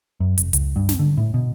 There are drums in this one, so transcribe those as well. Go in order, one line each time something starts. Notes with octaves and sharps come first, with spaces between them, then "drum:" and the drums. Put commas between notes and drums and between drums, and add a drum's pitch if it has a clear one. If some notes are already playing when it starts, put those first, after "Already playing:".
F#2
F1, drum: hi-hat
C#2, drum: hi-hat
G2
drum: snare
D3
A2
B2